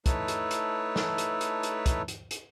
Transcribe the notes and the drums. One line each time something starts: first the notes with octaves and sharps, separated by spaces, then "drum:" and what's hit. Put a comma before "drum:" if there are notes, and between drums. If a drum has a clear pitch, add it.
A3 D#4 E4 B4 C#5 A5, drum: kick, hi-hat
drum: hi-hat
drum: hi-hat
drum: snare
drum: hi-hat
drum: hi-hat
drum: hi-hat
drum: kick, hi-hat
drum: hi-hat
drum: hi-hat